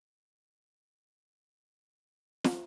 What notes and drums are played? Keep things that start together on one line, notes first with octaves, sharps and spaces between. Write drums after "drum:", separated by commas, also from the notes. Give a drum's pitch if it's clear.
G3 E4 G#4 A4
C3 E3 C#4 F4 G4 B4 G#5
D4 F#5
drum: snare